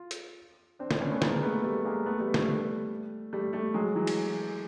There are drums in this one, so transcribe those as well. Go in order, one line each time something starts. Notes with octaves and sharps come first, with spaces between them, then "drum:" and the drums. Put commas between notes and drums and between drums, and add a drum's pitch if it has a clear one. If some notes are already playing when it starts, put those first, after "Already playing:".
Already playing: F4
drum: hi-hat
C4 D4
C4 D4, drum: snare
B3 C#4
A3 B3
G#3 A#3, drum: snare
A3 B3
G3 A3
G#3 A#3
A3 B3
G3 A3
G3 A3, drum: snare
G3 A3
G3 A3
F#3 G#3
E3 F#3
drum: cymbal